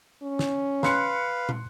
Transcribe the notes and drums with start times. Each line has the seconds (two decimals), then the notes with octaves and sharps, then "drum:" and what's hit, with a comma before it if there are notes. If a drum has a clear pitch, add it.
0.22 C#4
0.39 drum: snare
0.83 B4 F5 C6 F#6 C#7, drum: snare
1.49 drum: tom